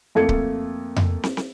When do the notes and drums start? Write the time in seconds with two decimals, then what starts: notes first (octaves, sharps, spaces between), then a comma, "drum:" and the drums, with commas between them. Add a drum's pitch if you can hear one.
0.15 F2 A3 A#3 A4 G#6 C#7
0.29 drum: kick C#1
0.96 drum: tom F2
1.23 drum: snare
1.37 drum: snare